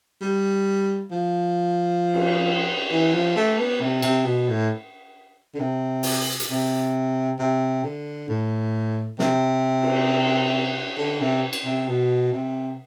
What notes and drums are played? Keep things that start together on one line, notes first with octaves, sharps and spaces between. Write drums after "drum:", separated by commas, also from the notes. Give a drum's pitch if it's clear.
G3
F3
drum: cymbal
E3
F3
A3
B3
C3
C3, drum: cymbal
B2
A2
D3
C3
drum: open hi-hat
drum: hi-hat
C3
C3
D3
A2
C3, drum: snare
drum: cymbal
D3
C3
drum: cymbal
C3
B2
C3